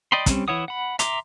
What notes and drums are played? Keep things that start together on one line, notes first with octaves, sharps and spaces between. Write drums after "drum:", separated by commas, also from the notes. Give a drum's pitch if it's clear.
D5 D#5 G5 B5 C6
G3 C4 C#4, drum: kick, hi-hat
E3 E4 C#5 F#5 D#6
F#5 B5
E5 A#5 C6 D6, drum: hi-hat